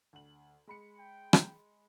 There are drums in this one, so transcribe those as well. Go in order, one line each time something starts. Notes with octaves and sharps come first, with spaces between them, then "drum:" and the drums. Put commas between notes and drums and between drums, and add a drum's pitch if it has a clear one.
D2 F#7
G#3 B5 C#7
G5
drum: rim click